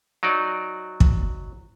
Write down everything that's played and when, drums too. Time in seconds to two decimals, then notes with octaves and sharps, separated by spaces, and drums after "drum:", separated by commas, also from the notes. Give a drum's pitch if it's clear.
0.23 F#3 D#4 D5
1.00 drum: kick